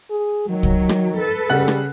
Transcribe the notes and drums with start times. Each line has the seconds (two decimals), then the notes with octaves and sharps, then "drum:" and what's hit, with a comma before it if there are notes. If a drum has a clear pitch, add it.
0.10 G#4
0.50 D#3 F#3
0.63 drum: kick
0.89 drum: rim click
1.18 A4 B4
1.49 C#3 G3 F#5 F#6
1.68 drum: rim click